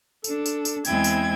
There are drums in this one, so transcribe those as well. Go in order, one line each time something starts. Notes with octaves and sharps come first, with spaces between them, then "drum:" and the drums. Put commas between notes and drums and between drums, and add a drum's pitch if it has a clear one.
D4 A4, drum: tambourine
drum: tambourine
drum: tambourine
E2 G#3 C4 E4 G5 G#6, drum: tambourine
drum: tambourine